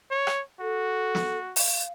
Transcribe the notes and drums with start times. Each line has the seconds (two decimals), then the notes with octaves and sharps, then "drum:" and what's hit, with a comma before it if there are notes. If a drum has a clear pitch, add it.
0.11 C#5
0.27 drum: rim click
0.60 F#4 A4
1.15 drum: snare
1.56 F5, drum: open hi-hat